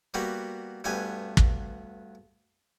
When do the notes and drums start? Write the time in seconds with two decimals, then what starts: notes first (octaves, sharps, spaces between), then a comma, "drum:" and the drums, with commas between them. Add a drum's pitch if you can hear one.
0.14 G3 A#3 B3 F#4 G4
0.84 D2 G2 B3 G4 G#5
1.37 drum: kick